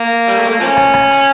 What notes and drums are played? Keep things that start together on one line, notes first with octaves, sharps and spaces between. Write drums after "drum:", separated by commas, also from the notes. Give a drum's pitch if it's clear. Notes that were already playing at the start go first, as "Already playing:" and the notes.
Already playing: A#3
G3, drum: hi-hat
A3
A#3
F3 A#3 C#4, drum: hi-hat
drum: rim click
drum: rim click
drum: open hi-hat